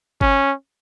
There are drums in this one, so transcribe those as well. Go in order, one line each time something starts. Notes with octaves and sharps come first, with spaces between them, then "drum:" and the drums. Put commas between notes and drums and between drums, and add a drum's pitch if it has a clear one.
C#4, drum: kick G1